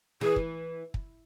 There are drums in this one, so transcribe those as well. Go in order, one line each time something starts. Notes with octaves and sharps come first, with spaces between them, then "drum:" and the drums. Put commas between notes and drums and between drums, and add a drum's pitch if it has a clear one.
E3 G#4
drum: kick
drum: kick